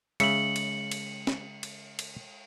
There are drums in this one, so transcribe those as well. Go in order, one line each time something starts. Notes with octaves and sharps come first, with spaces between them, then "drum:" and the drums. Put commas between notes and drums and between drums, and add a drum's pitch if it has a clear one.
C#3 G#3 E5 C#7 F#7, drum: cymbal
drum: cymbal
drum: cymbal
drum: snare
drum: cymbal
drum: cymbal